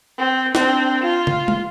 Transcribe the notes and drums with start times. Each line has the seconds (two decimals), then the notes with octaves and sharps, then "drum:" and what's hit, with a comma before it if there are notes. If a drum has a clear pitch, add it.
0.18 C4
0.55 C4 D4, drum: snare
1.02 F4
1.27 drum: tom
1.48 drum: tom